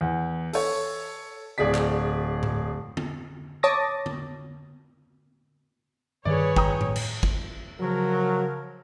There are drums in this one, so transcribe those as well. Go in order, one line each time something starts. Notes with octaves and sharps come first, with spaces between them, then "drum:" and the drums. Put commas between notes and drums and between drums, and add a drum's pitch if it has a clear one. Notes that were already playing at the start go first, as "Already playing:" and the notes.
E2
A4 C#5, drum: open hi-hat
D1 G#4 D5 B6
drum: clap
drum: tom A2
drum: tom
C#5 A5 D6 D#6 A6 A#6
drum: tom
G2 D#3 G#4 B4 C#5 D5
G5 A#5 D#6, drum: kick
drum: tom A2
drum: cymbal
drum: kick
C#3 F3 F#3 A#4